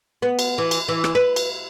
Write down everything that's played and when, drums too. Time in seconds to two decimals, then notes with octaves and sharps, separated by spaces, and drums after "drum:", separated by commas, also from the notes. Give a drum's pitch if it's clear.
0.22 B3
0.39 drum: cymbal
0.58 E3
0.71 drum: cymbal
0.88 E3
1.04 drum: rim click
1.15 B4
1.36 drum: cymbal